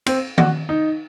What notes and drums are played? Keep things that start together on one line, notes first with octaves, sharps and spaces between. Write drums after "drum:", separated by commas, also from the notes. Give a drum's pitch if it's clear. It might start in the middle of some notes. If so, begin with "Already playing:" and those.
C4, drum: cymbal
F#4, drum: tom D#3
D#4